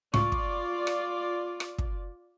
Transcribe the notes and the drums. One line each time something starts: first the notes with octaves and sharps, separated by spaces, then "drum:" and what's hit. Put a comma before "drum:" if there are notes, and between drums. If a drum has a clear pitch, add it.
C#2 A2 F4 D5 C#6, drum: rim click
drum: kick
drum: rim click
drum: rim click
drum: kick